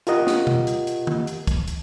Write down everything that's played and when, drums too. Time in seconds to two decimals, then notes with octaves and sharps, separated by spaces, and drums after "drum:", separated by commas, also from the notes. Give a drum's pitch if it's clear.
0.07 F4 G4 A#4 D#5 F#5, drum: hi-hat
0.27 drum: snare
0.47 drum: tom B2
0.67 drum: hi-hat
0.87 drum: hi-hat
1.07 drum: tom D3
1.27 drum: hi-hat
1.47 drum: kick, hi-hat
1.68 drum: hi-hat